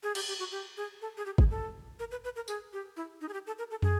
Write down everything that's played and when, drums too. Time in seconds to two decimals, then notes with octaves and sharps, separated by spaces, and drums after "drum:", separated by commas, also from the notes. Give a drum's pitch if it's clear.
0.03 G#4
0.15 G4, drum: cymbal
0.28 G4
0.39 F#4
0.51 G4
0.77 G#4
1.01 A4
1.17 G#4
1.26 G4
1.38 G#4, drum: kick
1.51 A4
1.99 A#4
2.11 B4
2.24 B4
2.36 A#4
2.48 G#4, drum: tambourine
2.73 G4
2.97 E4
3.21 D#4
3.29 G#4
3.33 G4
3.47 A4
3.58 A#4
3.71 A4
3.82 G#4, drum: tom